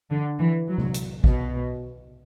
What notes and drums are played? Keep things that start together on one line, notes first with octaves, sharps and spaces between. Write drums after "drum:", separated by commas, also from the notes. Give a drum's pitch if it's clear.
D3
E3
F#3
drum: tom C3
drum: hi-hat
B2, drum: kick